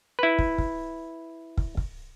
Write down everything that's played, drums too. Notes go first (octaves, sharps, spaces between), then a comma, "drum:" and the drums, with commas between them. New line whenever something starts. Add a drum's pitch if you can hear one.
E4 B4
drum: kick
drum: kick
drum: kick
drum: kick